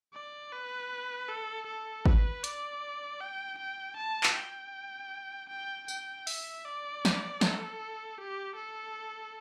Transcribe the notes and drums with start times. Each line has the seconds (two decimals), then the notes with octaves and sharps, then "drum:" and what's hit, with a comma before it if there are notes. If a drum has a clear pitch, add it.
0.14 D5
0.52 B4
1.29 A4
1.67 A4
2.06 B4, drum: kick
2.44 D5, drum: hi-hat
3.21 G5
3.58 G5
3.97 A5
4.23 drum: clap
4.35 G5
5.50 G5
5.88 G5, drum: tambourine
6.27 E5, drum: open hi-hat
6.65 D5
7.05 drum: snare
7.41 A4, drum: snare
8.18 G4
8.56 A4